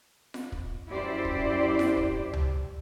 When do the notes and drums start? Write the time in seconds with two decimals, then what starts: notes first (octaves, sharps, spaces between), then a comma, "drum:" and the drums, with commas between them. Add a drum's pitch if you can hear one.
0.34 drum: snare F4
0.52 drum: kick
0.88 F#2 E4 G4 C5 D5
1.25 drum: kick
1.79 drum: snare F4
1.97 drum: kick
2.33 drum: tom C#2